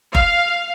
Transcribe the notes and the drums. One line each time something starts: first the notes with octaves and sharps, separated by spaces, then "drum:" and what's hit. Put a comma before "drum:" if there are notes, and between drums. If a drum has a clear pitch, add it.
F5, drum: kick F#1